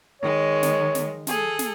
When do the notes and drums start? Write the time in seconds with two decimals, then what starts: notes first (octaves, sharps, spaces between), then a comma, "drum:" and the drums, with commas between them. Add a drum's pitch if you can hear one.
0.22 D#3 G#3 C#5
0.63 drum: snare
0.95 drum: snare
1.27 G#4 A4, drum: snare
1.59 drum: snare